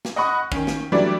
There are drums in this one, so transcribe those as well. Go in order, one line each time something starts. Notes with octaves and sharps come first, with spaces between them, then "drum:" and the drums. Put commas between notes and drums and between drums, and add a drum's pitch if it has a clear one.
drum: snare
D#5 F#5 B5 C#6 D#6
D#3 C#4, drum: kick
drum: snare
E3 F#3 G3 A3 D4 D5